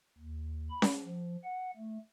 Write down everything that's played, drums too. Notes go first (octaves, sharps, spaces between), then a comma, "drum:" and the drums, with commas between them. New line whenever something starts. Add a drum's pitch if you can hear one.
D#2
B5
drum: snare C#4
F3
F#5
A3